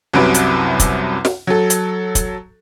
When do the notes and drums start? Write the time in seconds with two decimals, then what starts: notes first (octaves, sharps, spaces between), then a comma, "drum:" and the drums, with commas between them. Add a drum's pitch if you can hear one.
0.13 C2 F#2 C3 F#3 B4 D7
0.34 drum: hi-hat
0.80 drum: kick, hi-hat
1.25 drum: snare
1.47 F#3 A4
1.70 drum: hi-hat
2.15 drum: kick, hi-hat